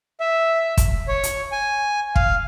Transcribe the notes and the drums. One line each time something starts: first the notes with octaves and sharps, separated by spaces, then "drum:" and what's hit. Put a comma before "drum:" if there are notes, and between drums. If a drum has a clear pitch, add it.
E5
drum: kick, hi-hat
C#5
drum: hi-hat
G#5
F5, drum: kick